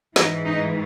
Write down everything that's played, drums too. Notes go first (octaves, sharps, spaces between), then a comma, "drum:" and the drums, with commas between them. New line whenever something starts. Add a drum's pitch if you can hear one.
G#2 E3 D#4, drum: snare
D#4